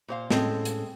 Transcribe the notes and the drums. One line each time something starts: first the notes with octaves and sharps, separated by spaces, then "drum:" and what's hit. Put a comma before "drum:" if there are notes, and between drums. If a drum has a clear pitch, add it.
A#2 C5 F5
A2 G#3 C4 C#4 A4, drum: snare
drum: hi-hat